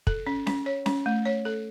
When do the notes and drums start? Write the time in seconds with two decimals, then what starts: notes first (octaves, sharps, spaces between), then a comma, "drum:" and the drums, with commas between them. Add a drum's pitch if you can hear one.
0.07 A4, drum: kick
0.27 C#4
0.47 C#4, drum: snare C#4
0.66 C#5
0.86 C#4, drum: snare C#4
1.06 A3
1.25 C#5
1.45 A4